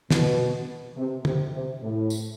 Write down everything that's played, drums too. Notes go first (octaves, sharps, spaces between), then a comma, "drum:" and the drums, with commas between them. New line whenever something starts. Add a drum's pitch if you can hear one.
B2, drum: snare
C3
C3, drum: tom
C3
A2
drum: tambourine